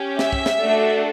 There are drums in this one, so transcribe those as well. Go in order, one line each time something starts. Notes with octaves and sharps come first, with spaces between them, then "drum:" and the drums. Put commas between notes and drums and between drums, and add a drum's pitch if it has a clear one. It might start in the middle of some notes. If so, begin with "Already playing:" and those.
Already playing: C#4 G4
E5, drum: snare
drum: kick
drum: snare
A3 D4 F#4 A4